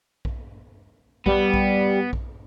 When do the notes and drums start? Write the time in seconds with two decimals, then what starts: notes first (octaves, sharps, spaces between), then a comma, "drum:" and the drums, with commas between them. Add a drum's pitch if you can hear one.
0.25 drum: kick A#1
1.26 G3 B3, drum: kick A#1
1.54 drum: kick A#1
2.13 drum: kick A#1